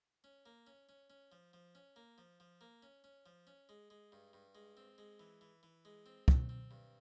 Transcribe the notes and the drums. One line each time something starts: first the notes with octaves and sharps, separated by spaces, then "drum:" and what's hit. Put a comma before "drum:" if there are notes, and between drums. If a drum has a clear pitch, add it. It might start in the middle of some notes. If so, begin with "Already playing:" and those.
C#4
A#3
C#4
C#4
C#4
F3
F3
C#4
A#3
F3
F3
A#3
C#4
C#4
F3
C#4
G#3
G#3
G2
G2
G#3
C4
G#3
E3
E3
E3
G#3
C4
C4, drum: kick
C4
G2